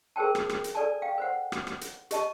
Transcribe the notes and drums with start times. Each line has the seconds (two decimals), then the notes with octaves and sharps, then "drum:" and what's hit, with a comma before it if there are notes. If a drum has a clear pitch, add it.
0.16 G#4 A#4 C5 G5 A5
0.35 drum: rim click
0.49 drum: rim click
0.64 drum: hi-hat
0.75 A4 B4 D5 G#5 A5
1.02 F5 G5
1.18 B4 C5 F#5
1.52 drum: rim click
1.67 drum: rim click
1.81 drum: hi-hat
2.11 G4 D#5 A5, drum: hi-hat